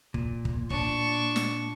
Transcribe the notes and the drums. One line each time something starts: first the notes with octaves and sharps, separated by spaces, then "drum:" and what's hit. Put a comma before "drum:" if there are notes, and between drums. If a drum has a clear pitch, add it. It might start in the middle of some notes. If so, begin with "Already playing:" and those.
A#2, drum: kick
drum: kick
D4 C#6, drum: kick
drum: snare